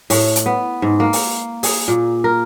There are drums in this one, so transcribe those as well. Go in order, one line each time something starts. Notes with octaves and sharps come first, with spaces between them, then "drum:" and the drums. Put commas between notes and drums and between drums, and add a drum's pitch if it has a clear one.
A2, drum: open hi-hat
drum: hi-hat
B3
G#2
A#3
drum: open hi-hat
G#4, drum: open hi-hat
A#2
A#4